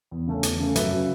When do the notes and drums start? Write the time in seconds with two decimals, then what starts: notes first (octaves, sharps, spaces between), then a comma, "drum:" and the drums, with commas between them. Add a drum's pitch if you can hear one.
0.11 E2
0.27 C#3 A3 C#4
0.43 E2, drum: hi-hat
0.59 C#3 A3 C#4
0.76 F#2 B4 E5, drum: hi-hat
0.92 C#3 F#3